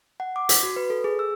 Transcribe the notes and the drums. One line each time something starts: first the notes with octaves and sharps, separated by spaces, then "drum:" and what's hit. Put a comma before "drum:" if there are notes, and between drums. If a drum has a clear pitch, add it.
F#5
D6
B6, drum: hi-hat
F#4
B4
A4
G#4
E6